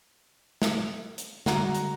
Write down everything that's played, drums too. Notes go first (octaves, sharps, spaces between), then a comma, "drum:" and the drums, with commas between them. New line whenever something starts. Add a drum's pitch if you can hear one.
drum: snare
drum: hi-hat
D3 G3 G#3 F#4 A#5, drum: snare
drum: hi-hat